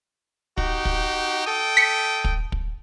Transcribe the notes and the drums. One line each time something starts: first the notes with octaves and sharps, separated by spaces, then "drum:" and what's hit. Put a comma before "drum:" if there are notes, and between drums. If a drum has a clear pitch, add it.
D#4 F#4 G4, drum: kick
drum: kick
A4 D#5 G5
B6 C#7
drum: kick
drum: kick